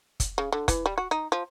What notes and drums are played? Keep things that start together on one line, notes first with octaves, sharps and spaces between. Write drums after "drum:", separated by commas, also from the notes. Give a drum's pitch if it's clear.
drum: kick, hi-hat
C#3
D3
E3, drum: kick, hi-hat
G3
F#4
D#4
F3